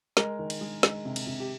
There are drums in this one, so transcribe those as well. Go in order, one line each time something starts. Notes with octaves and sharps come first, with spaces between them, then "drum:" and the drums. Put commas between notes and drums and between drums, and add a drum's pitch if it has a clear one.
G#3 A#4, drum: snare
D#3
drum: cymbal
G#3
G#3, drum: snare
C3
drum: cymbal
C3
G4